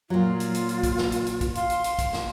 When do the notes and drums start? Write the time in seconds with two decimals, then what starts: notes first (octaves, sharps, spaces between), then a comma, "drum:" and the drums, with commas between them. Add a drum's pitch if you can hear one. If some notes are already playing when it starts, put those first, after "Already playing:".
0.10 A#2 F#3 F4
0.40 drum: hi-hat
0.55 drum: hi-hat
0.69 drum: hi-hat
0.83 drum: kick, hi-hat
0.98 drum: snare
1.12 drum: hi-hat
1.27 drum: hi-hat
1.41 drum: kick, hi-hat
1.55 F5 C6, drum: hi-hat
1.70 drum: hi-hat
1.84 drum: hi-hat
1.99 drum: kick, hi-hat
2.13 drum: snare